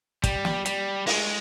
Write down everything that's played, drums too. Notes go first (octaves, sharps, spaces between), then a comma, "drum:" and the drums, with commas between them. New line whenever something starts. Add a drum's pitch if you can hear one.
G3, drum: kick, hi-hat
drum: snare
G3, drum: hi-hat
G#3, drum: open hi-hat